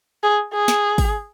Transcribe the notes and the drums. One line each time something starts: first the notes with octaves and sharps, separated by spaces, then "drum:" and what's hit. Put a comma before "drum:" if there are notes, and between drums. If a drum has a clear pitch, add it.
G#4
G#4
drum: snare
drum: kick, open hi-hat